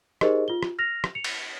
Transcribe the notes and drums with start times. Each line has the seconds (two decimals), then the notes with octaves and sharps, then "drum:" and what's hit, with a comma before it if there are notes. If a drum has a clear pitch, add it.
0.21 D#4 G4 G#4 A#4 C5 D#5, drum: rim click
0.48 F4 G7
0.63 drum: rim click
0.79 F6 A#6 F7
1.04 drum: rim click
1.15 C#7 F7
1.24 drum: cymbal